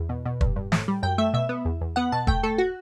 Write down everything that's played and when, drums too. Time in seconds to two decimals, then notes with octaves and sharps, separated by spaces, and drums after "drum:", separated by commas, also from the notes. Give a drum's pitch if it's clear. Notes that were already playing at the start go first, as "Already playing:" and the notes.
Already playing: E2
0.09 B2
0.25 B2
0.41 G2, drum: kick
0.56 G2
0.72 A2, drum: snare
0.88 G3
1.03 F#2 G5
1.18 A3 E5
1.34 B2 E5
1.49 B3
1.65 E2
1.81 E2
1.96 B3 F#5
2.12 B2 A5
2.27 A3 G5, drum: kick
2.43 A3 A4
2.58 F#4